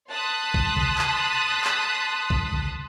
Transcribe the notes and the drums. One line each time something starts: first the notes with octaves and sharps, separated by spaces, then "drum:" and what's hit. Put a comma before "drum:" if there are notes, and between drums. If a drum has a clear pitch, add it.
A5 C6 D#6 F#6 B6
drum: kick A#1
drum: tom B2
drum: clap
drum: clap
drum: kick A#1
drum: tom C3